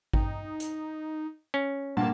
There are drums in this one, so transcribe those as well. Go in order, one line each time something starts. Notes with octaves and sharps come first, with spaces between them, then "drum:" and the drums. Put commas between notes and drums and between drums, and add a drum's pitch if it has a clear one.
D#4 G5, drum: kick G#1
drum: hi-hat
C#4
G2 A#3 F#5 A5, drum: tom